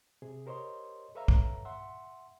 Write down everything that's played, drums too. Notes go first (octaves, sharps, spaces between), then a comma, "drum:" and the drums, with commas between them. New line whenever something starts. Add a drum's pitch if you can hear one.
C3 G#4
G4 A#4 C5 C#5 D#5 C6
A4 B4 C#5 E5 F5 A#5
drum: kick
E5 F#5 C6